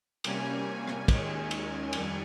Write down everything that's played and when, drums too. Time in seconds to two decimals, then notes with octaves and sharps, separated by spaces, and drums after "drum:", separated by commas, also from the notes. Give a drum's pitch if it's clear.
0.24 C3 G3 A#3 C#4 G#5, drum: cymbal
0.88 drum: rim click
1.08 D#2 D#3 G#3 C#4 G#5, drum: kick, cymbal
1.51 drum: cymbal
1.93 F2 D#3 G3 G#5, drum: cymbal